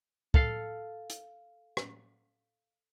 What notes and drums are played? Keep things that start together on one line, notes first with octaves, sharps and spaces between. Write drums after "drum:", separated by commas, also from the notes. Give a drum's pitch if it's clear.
A4 F5 C7, drum: kick
drum: hi-hat
drum: rim click